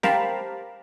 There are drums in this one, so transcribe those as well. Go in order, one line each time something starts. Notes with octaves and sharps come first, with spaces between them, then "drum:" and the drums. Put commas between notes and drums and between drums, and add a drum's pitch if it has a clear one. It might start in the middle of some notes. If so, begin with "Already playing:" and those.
G4 A#4 C5 F5 A5 B5, drum: snare